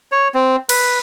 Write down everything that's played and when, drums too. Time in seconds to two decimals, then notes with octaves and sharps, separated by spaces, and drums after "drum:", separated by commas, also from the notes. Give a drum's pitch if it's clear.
0.12 C#5
0.34 C4
0.69 B4, drum: cymbal